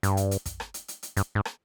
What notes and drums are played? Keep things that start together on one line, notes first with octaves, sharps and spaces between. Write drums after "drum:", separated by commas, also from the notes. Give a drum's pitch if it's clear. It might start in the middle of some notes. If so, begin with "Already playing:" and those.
G2, drum: hi-hat
drum: hi-hat
drum: hi-hat
drum: kick, hi-hat
drum: rim click
drum: hi-hat
drum: hi-hat
drum: hi-hat
G2, drum: hi-hat
G#2
drum: rim click